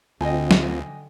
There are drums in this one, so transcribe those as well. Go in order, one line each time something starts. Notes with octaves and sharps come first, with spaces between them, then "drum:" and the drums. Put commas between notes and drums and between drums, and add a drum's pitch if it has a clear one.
D2 D3 C4 F4 D#5 G5 G#5
drum: snare